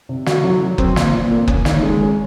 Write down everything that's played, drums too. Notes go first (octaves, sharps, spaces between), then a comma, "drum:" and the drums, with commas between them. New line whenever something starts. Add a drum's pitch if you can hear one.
C3
F#4, drum: snare
F#3
F#3
C4, drum: kick F#1
A#2, drum: snare
A#2
A#3
C#4, drum: kick F#1
D#3, drum: snare
G#3
C#4